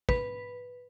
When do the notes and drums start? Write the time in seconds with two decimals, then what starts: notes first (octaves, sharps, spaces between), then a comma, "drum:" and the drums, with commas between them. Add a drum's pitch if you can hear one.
0.09 B4, drum: kick